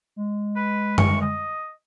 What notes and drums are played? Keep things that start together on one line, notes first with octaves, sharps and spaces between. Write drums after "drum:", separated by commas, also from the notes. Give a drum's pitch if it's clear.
G#3
B4
C#6, drum: tom
D#5